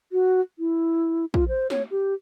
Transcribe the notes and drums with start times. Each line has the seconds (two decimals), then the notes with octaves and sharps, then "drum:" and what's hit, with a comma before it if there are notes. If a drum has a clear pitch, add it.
0.12 F#4
0.59 E4
1.34 F4, drum: kick
1.48 C5
1.70 C#5, drum: snare
1.91 G4